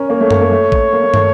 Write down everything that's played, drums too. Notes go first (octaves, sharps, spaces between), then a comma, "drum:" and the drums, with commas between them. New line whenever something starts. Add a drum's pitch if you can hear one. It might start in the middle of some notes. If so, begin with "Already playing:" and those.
Already playing: C#4 A#4
A#3 C#5
A3
A#3, drum: tom F#2
A#3
A3
drum: kick A1
A#3
A#3
A3, drum: tom